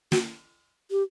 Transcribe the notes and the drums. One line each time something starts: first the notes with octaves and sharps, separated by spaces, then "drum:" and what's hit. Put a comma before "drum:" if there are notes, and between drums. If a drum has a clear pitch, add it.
F#4, drum: snare
G4